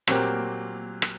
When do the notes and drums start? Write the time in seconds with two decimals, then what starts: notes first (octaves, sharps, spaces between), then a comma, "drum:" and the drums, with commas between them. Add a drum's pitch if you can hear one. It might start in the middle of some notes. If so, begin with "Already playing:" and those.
0.07 A#2 F#3 C4 G4 A#4, drum: rim click
1.02 drum: rim click